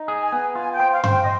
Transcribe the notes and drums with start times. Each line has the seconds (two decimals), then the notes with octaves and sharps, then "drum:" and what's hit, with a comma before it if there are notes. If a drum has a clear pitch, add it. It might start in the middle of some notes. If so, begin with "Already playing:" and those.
Already playing: D#4
0.08 G#4
0.20 G#5
0.32 B3
0.55 F4 G#5
0.74 G5
0.80 C5
0.93 F5
1.04 C5, drum: tom G2
1.10 G5
1.23 D#5